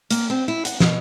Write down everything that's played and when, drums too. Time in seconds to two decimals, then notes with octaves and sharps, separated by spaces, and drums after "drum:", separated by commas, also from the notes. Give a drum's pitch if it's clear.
0.11 A#3, drum: hi-hat
0.30 C4
0.48 E4
0.65 F#5, drum: hi-hat
0.80 B2, drum: snare